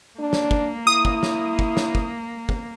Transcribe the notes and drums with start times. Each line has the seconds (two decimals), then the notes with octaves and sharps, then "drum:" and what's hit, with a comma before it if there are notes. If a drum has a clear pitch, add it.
0.19 A#3 D4
0.33 drum: snare
0.51 drum: kick
0.87 E4 D#6
1.05 drum: kick
1.23 drum: snare
1.59 drum: kick
1.77 drum: snare
1.95 drum: kick
2.49 drum: kick